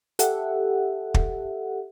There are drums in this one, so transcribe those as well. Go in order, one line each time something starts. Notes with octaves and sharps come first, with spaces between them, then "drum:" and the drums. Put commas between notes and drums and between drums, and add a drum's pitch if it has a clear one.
G4 A4 E5 F#5, drum: hi-hat
drum: kick